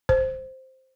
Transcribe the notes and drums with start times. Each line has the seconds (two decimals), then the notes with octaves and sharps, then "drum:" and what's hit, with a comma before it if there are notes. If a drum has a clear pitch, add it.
0.09 C5, drum: kick